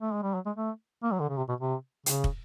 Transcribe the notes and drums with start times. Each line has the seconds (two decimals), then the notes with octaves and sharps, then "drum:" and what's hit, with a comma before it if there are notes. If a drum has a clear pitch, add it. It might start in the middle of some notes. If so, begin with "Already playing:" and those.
0.02 A3
0.13 G#3
0.22 G3
0.34 F#3
0.46 G#3
0.57 A3
1.03 A#3
1.12 F#3
1.20 D3
1.29 C#3
1.37 C3
1.49 B2
1.61 C3
2.06 C#3, drum: hi-hat
2.24 drum: kick